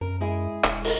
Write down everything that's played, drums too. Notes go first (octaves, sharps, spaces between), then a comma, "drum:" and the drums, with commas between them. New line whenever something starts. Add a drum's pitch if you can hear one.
F#2 A#4
G#3 E4 G#4
E1, drum: clap
drum: open hi-hat